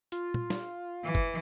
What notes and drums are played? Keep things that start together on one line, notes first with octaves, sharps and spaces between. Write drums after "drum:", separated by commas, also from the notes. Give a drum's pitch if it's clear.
F4, drum: hi-hat
drum: tom
drum: snare
E3
drum: kick F#1